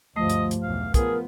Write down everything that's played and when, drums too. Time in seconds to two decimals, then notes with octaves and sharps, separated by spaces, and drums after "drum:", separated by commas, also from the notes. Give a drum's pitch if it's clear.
0.16 D2 G2 F3 A3 D#5
0.30 drum: hi-hat
0.51 drum: hi-hat
0.63 B1 E2 F5
0.94 F3 B3 G#4 A#4, drum: kick, hi-hat